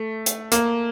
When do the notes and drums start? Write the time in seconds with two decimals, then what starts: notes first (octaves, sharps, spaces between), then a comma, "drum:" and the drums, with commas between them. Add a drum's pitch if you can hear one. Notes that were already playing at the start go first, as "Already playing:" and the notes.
Already playing: A3
0.26 drum: hi-hat
0.52 A#3, drum: hi-hat